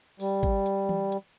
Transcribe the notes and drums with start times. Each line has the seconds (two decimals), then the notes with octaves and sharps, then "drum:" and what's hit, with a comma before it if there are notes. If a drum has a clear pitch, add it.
0.20 G3, drum: open hi-hat
0.43 drum: kick, hi-hat
0.66 drum: hi-hat
0.89 drum: tom E3
1.12 drum: hi-hat